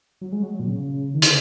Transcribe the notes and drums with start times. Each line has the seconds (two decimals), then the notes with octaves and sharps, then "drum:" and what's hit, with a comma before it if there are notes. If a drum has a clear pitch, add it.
0.21 F#3
0.32 G#3
0.43 F#3
0.60 A#2
0.68 C#3
1.14 D#3
1.22 C#3, drum: hi-hat